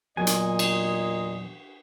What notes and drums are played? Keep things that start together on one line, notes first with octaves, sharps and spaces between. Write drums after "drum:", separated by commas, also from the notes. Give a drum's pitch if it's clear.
E2 A#2 F#3 D#5 G#5
drum: hi-hat
drum: cymbal